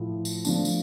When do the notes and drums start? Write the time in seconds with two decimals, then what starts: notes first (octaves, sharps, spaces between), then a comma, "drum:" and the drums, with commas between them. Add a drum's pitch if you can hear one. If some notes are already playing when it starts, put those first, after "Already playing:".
Already playing: A2 F3 A3 E4
0.25 drum: tambourine
0.45 F3 A3 D4, drum: tambourine
0.65 drum: tambourine